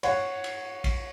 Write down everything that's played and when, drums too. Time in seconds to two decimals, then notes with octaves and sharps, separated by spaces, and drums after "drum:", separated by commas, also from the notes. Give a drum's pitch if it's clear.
0.03 C#5 F#5, drum: cymbal
0.44 drum: cymbal
0.84 drum: kick, cymbal